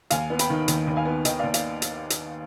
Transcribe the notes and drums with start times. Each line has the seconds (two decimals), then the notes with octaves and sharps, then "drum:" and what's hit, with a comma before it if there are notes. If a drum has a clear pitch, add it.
0.10 D#2 F5 G#5, drum: hi-hat
0.30 B3
0.39 G5 B5, drum: hi-hat
0.50 D#3
0.68 D#2, drum: hi-hat
0.87 D#2
0.96 F5 G#5
1.05 B3
1.25 D#3 D#5 G5, drum: hi-hat
1.39 D#2 D5 F5
1.54 D5 F5, drum: hi-hat
1.82 drum: hi-hat
2.10 drum: hi-hat